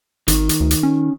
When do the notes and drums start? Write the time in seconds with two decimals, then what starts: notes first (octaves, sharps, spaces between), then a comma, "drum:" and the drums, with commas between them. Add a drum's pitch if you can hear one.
0.28 G#1 D#3, drum: hi-hat
0.49 drum: hi-hat
0.60 D2
0.71 drum: hi-hat
0.83 C#4